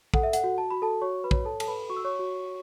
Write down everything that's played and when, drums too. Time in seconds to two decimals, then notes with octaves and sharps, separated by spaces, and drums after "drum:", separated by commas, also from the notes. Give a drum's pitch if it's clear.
0.14 A4 F#5, drum: kick
0.23 E5
0.33 F#5, drum: hi-hat
0.44 F#4
0.58 A5
0.70 F#4 B5
0.82 A4 A5
1.02 F#4 C#5 C#6
1.24 B4 B5
1.31 C#5, drum: kick
1.45 A4 A5
1.60 A4 A5, drum: cymbal
1.67 B4 B5
1.90 F#4 C#6
1.97 E6
2.05 C#5 C#6
2.19 F#4